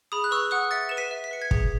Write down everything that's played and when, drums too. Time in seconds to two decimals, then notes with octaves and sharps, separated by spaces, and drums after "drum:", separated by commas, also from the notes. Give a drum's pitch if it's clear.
0.12 G#4 B5 D#6
0.24 F#6
0.31 B4 C#6 E6
0.51 F#5 D#6 F#6
0.71 E5 A6 C#7
0.89 B4 E7
0.97 B6 D#7
1.11 E5
1.24 B6
1.31 B4 C#7
1.41 G#6 B6
1.51 G#4, drum: kick